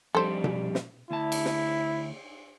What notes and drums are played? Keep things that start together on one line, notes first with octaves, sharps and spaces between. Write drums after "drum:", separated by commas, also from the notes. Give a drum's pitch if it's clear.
F2 G3 D4 A4 C5
drum: tom B2
drum: snare
D2 E4 A5
drum: cymbal
drum: snare